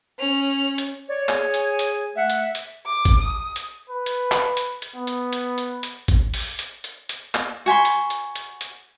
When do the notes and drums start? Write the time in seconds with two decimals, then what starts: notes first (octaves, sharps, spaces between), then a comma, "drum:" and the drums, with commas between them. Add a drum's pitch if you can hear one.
0.19 C#4 F7
0.78 drum: hi-hat
1.08 C#5 D5
1.29 G#4 G#5, drum: clap
1.54 drum: hi-hat
1.79 drum: hi-hat
2.16 A3 E5 F#5
2.30 drum: hi-hat
2.55 drum: hi-hat
2.86 D6
3.05 drum: kick G#1, hi-hat
3.21 D#6
3.56 drum: hi-hat
3.90 B4
4.06 drum: hi-hat
4.32 drum: clap
4.57 drum: hi-hat
4.82 drum: hi-hat
4.96 B3
5.07 drum: hi-hat
5.33 drum: hi-hat
5.58 drum: hi-hat
5.83 drum: hi-hat
6.08 drum: kick G#1, hi-hat
6.34 drum: open hi-hat
6.59 drum: hi-hat
6.84 drum: hi-hat
7.09 drum: hi-hat
7.35 drum: clap
7.66 F#4 G#5 B5 C6
7.85 drum: hi-hat
8.10 drum: hi-hat
8.36 drum: hi-hat
8.61 drum: hi-hat